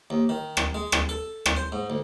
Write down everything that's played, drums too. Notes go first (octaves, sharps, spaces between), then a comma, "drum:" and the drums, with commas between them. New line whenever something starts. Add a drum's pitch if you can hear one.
D#2
D#3
drum: rim click
G#3
drum: rim click
A4
drum: rim click
C5
G#2
D2